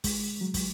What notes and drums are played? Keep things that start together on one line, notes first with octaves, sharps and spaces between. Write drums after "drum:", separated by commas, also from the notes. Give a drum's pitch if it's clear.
G#3, drum: kick, open hi-hat
F#3
drum: kick, open hi-hat